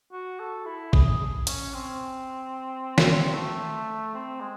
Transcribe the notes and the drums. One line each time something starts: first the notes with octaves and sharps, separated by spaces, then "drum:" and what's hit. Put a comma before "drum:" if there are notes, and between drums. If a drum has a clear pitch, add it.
F#4
A4
E4
G#4, drum: kick
C#4, drum: hi-hat
C4
drum: snare
A3
C4
G#3